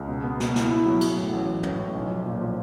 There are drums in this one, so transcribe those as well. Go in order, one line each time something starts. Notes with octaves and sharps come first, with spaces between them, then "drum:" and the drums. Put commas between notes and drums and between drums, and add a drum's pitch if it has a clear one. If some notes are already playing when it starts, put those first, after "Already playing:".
Already playing: C#2
B2
B3
B2, drum: snare
E4, drum: snare
E4
F#3
F#3, drum: cymbal
A2
A1
A1
A1, drum: tom
A2
B1
F3
A#2
F3